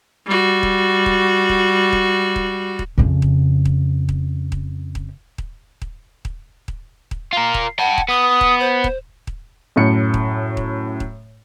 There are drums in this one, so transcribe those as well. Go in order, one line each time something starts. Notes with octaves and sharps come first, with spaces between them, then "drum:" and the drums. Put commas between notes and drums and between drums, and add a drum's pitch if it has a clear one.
G3 F#4
drum: kick D#1
drum: kick D#1
drum: kick D#1
drum: kick D#1
drum: kick D#1
drum: kick D#1
F2 C#3
drum: kick D#1
drum: kick D#1
drum: kick D#1
drum: kick D#1
drum: kick D#1
drum: kick D#1
drum: kick D#1
drum: kick D#1
drum: kick D#1
drum: kick D#1
F4 A#4
drum: kick D#1
F#5 G5 A5
drum: kick D#1
B3 D#6
drum: kick D#1
C5
drum: kick D#1
drum: kick D#1
F#2 A2 C#7
drum: kick D#1
drum: kick D#1
drum: kick D#1